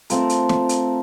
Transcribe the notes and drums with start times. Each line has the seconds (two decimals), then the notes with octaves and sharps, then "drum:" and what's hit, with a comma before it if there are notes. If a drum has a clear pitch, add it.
0.10 A3 C4 F4 A#4, drum: hi-hat
0.29 drum: hi-hat
0.49 drum: snare
0.69 drum: hi-hat